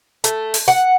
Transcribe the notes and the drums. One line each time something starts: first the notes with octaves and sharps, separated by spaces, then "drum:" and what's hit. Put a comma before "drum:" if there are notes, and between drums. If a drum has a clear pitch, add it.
A3, drum: hi-hat
drum: open hi-hat
F#5